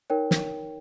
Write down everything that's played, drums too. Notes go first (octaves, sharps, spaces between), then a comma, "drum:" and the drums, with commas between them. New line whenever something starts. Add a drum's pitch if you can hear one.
D#4 A#4 C#5 G5
drum: snare